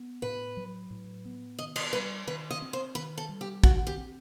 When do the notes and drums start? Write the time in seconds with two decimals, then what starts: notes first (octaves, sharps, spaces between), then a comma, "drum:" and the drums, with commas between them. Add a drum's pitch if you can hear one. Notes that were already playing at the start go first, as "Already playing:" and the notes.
Already playing: B3
0.22 A2 B4
0.57 F#3
0.91 A2
1.25 B3
1.58 D#3 D#5
1.76 D#5, drum: cymbal
1.93 G3 B4
2.27 D#3 B4
2.51 D#5
2.62 C4
2.73 C5
2.95 D#3 B4
3.18 A4
3.29 G3
3.41 G4
3.64 D#3 F#4, drum: kick
3.87 G4
3.97 C4